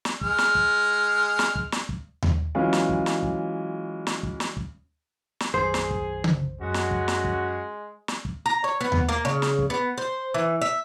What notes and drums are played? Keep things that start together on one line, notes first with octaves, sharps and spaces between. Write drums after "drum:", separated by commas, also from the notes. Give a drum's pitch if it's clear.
drum: snare
G#3 F6, drum: kick
drum: snare
drum: kick
drum: snare
drum: kick
drum: snare
drum: kick
drum: tom D#2
E3 F#3 G#3 C#4 F4
drum: snare
drum: kick
drum: snare
drum: kick
drum: snare
drum: kick
drum: snare
drum: kick
drum: snare
B1 F#2 D#3 G#4 C5
drum: snare
drum: kick
drum: tom C#3
F#2 G#3 C#4 F#4
drum: snare
drum: kick
drum: snare
drum: kick
drum: snare
drum: kick
A#5
C#5
B3
drum: tom D#2
A#3
C#3
drum: snare
drum: kick
B3
C5
E3
E5